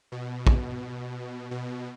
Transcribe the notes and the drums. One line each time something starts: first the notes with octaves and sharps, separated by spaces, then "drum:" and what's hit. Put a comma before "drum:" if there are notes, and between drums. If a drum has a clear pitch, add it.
B2
drum: kick
B2